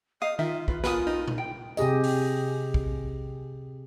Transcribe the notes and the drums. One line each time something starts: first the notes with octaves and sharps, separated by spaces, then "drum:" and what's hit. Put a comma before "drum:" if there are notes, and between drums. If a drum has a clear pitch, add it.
D#5 F5 D#6
D#3 F4 E5
F4 B4, drum: kick
F4 A#4 B4 G#5 D#6, drum: snare
D#4
drum: tom A#2
G5
C3 G4 G#4 D#5, drum: tambourine
drum: open hi-hat
drum: kick